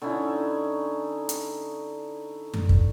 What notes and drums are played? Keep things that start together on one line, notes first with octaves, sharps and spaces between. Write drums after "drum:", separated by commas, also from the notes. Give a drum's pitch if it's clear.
D3 C#4 D#4 E4
drum: hi-hat
drum: tom F#2
drum: kick